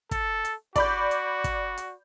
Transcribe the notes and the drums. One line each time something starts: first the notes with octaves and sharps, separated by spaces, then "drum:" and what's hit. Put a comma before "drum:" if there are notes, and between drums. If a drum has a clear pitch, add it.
A4, drum: kick, hi-hat
drum: hi-hat
F#4 D5 B5 G6, drum: kick, hi-hat
drum: hi-hat
drum: kick, hi-hat
drum: hi-hat